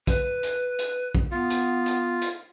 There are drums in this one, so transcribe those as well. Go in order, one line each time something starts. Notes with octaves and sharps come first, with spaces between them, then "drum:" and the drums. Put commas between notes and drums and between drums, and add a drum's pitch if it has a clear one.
B4, drum: kick, hi-hat
drum: hi-hat
drum: hi-hat
drum: kick
B3 F4
drum: hi-hat
drum: hi-hat
drum: hi-hat